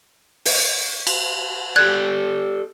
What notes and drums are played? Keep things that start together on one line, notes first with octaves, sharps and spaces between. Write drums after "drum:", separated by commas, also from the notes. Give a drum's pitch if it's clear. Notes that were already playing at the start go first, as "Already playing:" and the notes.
drum: open hi-hat
drum: cymbal
G4 A4 D5 F#6 G#6